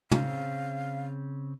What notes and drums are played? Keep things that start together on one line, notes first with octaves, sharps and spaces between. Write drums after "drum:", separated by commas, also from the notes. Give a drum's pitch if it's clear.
C#3 C4 F5, drum: tom